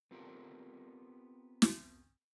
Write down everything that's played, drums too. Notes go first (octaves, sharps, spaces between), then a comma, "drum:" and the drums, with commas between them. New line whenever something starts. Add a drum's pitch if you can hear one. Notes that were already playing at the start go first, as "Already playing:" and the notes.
B3 C4 F4 G4 A4 A#4
drum: snare